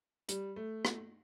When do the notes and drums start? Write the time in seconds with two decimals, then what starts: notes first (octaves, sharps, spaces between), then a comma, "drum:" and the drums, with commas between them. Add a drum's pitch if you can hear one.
0.29 G3, drum: hi-hat
0.56 A3
0.85 drum: rim click